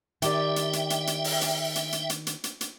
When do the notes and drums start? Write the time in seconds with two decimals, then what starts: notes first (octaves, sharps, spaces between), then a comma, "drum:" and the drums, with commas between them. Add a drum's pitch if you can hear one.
0.22 D#3 G4 D5 E5 G5 D6 A6, drum: hi-hat
0.56 drum: hi-hat
0.73 drum: hi-hat
0.90 drum: hi-hat
1.07 drum: hi-hat
1.24 drum: open hi-hat
1.41 drum: hi-hat
1.75 drum: hi-hat
1.92 drum: hi-hat
2.10 drum: hi-hat
2.27 drum: hi-hat
2.44 drum: hi-hat
2.61 drum: hi-hat